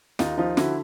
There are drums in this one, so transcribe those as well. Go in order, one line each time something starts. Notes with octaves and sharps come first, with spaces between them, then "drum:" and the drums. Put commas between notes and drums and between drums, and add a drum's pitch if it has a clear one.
D#2 D#4 F4, drum: snare
F3 D#4 F4
D3 E4 F#4, drum: snare